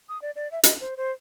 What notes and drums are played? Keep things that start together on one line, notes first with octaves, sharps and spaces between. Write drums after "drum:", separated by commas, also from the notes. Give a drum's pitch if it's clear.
D#6
D5
D5
E5
D#5, drum: hi-hat
C5
C5